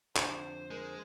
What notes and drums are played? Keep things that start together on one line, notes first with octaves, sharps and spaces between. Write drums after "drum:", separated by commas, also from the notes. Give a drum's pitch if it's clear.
F2 D3 F3 C5, drum: clap
G#3 A#4